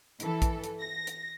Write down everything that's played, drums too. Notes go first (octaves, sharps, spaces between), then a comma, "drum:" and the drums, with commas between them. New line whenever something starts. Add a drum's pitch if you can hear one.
E3 A4, drum: hi-hat
drum: kick A#1, hi-hat
drum: hi-hat
A#6
drum: hi-hat